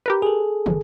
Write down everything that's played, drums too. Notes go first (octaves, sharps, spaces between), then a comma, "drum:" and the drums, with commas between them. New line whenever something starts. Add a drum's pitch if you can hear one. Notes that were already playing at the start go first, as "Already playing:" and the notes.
G4 A#4 B4
G#4 A4
G1, drum: tom